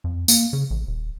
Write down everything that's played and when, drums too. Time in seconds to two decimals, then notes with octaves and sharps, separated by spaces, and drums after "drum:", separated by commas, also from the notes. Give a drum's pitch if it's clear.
0.04 F2
0.28 A#3, drum: tambourine
0.53 C#3
0.70 A1
0.87 D#1